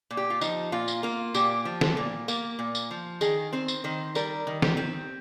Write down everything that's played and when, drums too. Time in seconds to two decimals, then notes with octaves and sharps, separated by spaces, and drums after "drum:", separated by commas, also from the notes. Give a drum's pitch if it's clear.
0.11 A#2
0.17 G4
0.30 F4
0.41 F3 D#4, drum: tambourine
0.72 A#2 F4
0.88 drum: tambourine
1.03 A#3 F4
1.34 A#2 G4, drum: tambourine
1.65 F3
1.81 drum: snare
1.97 A#2
2.28 A#3, drum: tambourine
2.59 A#2
2.75 drum: tambourine
2.91 F3
3.21 D#3 G#4, drum: tambourine
3.53 C4 C5
3.68 drum: tambourine
3.84 D#3 C5
4.15 G3 A#4, drum: tambourine
4.47 D#3
4.62 G4, drum: snare
4.77 C4